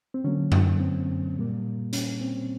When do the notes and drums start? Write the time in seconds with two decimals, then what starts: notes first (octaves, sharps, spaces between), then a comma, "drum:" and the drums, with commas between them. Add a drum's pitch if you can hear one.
0.14 C4
0.24 D3 F#3 A#3 C#4
0.52 drum: tom F#2
0.80 C4
1.37 A#2 G3 A#3
1.93 C#4, drum: hi-hat
2.21 C4